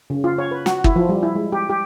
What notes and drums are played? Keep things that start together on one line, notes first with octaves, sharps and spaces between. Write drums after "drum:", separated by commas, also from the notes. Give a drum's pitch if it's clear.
C#3
F4
C#5
B4
F#4, drum: snare
E4, drum: kick
F3
G3
E4
G#3
G4
G4